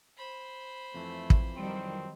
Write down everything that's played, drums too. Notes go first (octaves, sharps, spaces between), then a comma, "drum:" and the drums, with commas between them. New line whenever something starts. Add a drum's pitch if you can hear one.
C5 B5
F2 E3 A3
drum: kick
D#3 F#3 G3 C4